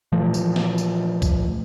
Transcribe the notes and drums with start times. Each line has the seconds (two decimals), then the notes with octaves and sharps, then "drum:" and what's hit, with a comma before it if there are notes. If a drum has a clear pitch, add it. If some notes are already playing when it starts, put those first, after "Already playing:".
0.12 A#2 E3 F3 A3
0.34 drum: tambourine
0.56 drum: snare
0.78 drum: tambourine
1.22 drum: kick C2, tambourine